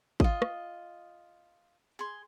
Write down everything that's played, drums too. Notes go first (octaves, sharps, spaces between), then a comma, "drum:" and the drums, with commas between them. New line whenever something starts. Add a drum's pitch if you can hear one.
F4 D#5, drum: kick
drum: rim click
G#4 C6